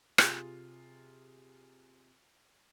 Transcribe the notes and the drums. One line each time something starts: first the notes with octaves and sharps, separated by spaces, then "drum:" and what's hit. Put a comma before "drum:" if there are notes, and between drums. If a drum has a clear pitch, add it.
C3 F4 G#4, drum: rim click